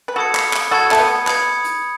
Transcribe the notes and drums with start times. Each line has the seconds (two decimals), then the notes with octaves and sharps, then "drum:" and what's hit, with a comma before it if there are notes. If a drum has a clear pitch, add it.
0.08 B4
0.16 F#4 A4 B5 D#6 G#6 C#7
0.35 drum: clap
0.53 drum: clap
0.71 F#4 A4 B5 D#6 G#6 C#7
0.91 A3, drum: clap
0.99 B3
1.27 B5 D#6 G#6 C#7, drum: clap
1.64 drum: hi-hat